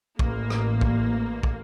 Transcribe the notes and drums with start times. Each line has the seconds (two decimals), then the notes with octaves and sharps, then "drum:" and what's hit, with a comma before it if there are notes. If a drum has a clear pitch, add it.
0.19 A1 A#3, drum: kick
0.50 drum: rim click
0.81 drum: kick
1.43 drum: kick